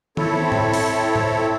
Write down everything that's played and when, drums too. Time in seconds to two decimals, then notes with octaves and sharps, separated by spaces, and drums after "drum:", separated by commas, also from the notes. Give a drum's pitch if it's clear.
0.17 C4 E4 A4 C#5, drum: tom D#3
0.52 drum: tom A2
0.74 drum: open hi-hat
1.16 drum: tom A2